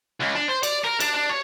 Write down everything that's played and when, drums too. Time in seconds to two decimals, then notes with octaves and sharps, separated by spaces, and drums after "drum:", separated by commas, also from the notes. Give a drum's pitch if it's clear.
0.21 C#2
0.36 D4
0.48 C5
0.63 D5, drum: cymbal
0.85 A#4
1.00 D4, drum: cymbal
1.15 D4
1.29 C#5